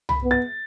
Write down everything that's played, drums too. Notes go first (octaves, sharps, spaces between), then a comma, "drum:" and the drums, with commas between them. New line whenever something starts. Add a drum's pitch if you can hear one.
B5, drum: tom C2
B3
A6